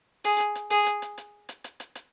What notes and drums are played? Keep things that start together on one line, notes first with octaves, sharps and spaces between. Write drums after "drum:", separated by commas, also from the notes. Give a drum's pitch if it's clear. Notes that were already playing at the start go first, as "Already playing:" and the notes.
G#4, drum: hi-hat
drum: hi-hat
drum: hi-hat
G#4, drum: hi-hat
drum: hi-hat
drum: hi-hat
drum: hi-hat
drum: hi-hat
drum: hi-hat
drum: hi-hat
drum: hi-hat